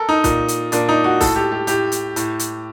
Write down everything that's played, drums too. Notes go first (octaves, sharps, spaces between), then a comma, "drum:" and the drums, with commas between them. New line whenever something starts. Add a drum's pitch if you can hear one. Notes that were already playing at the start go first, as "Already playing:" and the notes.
Already playing: A4 A#4
D#4
A#2, drum: kick C2, hi-hat
drum: hi-hat
A#2 D4, drum: hi-hat
D#4
F#4
A2 A4, drum: kick C2, open hi-hat
G4
G4
A2 G4, drum: hi-hat
drum: hi-hat
A2, drum: hi-hat
drum: hi-hat